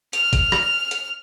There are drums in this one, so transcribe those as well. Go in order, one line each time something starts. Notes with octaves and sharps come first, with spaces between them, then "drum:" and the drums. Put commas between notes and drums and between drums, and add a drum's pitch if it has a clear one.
F6 F7, drum: hi-hat
drum: kick A1, hi-hat
drum: rim click
drum: hi-hat